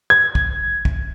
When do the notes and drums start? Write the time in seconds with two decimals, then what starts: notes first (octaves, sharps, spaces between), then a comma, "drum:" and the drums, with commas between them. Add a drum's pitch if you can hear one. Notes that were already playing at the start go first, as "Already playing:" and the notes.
0.10 G#6
0.35 drum: kick
0.85 drum: kick